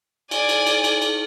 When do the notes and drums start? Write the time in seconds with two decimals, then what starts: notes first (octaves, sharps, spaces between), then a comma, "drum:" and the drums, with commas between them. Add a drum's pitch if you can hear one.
0.31 D5 G#5, drum: cymbal
0.49 drum: cymbal
0.66 drum: cymbal
0.84 drum: cymbal
1.02 drum: cymbal